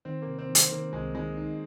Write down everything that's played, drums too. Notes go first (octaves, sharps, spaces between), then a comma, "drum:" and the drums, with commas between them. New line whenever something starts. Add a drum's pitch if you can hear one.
D#3 C4
A#3
C3
C4
D#3
C4, drum: hi-hat
D#3 A#3
C2 G#3
D#3 G#3
D#4